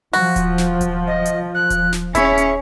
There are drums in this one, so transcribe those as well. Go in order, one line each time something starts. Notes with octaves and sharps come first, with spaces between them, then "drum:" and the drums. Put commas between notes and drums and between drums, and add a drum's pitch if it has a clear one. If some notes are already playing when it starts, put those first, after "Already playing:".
F3 F#4, drum: open hi-hat
drum: kick D#1, hi-hat
drum: snare
drum: kick D#1, hi-hat
D#5
drum: hi-hat
F#6
drum: kick D#1, hi-hat
drum: snare
C#4 E4 G#4 C#5, drum: kick D#1, hi-hat
drum: hi-hat